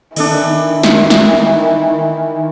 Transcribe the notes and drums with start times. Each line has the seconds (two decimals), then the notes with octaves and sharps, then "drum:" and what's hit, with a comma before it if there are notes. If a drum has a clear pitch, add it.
0.16 D#3 E3 D4 A4 D#5, drum: cymbal
0.83 drum: snare
1.10 drum: snare